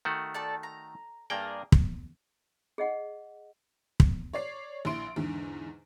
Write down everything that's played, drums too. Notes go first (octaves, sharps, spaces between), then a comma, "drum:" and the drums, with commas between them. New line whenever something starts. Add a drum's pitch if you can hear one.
D#3 A3 F#4
A4 D5 A5
A#5
G2 A#3 G#4 A#4 D5 G5
drum: kick
G#4 D#5 F#5
drum: kick
C#5 D5 C7
A#1 E4 C6 D7
E2 G#2 D3